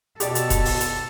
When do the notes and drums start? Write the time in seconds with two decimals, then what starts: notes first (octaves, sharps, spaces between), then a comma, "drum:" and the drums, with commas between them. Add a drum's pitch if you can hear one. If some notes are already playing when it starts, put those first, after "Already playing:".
0.20 B2 G4 A4 D5, drum: hi-hat
0.35 drum: hi-hat
0.50 drum: kick E1, hi-hat
0.65 drum: open hi-hat
0.80 drum: hi-hat